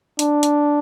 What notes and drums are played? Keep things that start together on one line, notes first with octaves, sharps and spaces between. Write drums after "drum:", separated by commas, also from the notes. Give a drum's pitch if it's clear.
D4, drum: hi-hat
drum: hi-hat